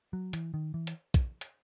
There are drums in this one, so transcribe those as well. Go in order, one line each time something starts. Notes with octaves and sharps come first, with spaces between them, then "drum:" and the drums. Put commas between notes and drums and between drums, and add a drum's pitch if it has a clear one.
F#3
E3, drum: hi-hat
D#3
E3
drum: hi-hat
drum: kick, hi-hat
drum: hi-hat